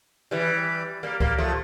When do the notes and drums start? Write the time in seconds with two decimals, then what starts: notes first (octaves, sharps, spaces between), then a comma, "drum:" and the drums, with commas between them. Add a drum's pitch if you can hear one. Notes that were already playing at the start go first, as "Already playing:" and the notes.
0.31 E3 G3
1.03 G3 A#3
1.20 G3 A#3, drum: kick C#2
1.38 F3 A3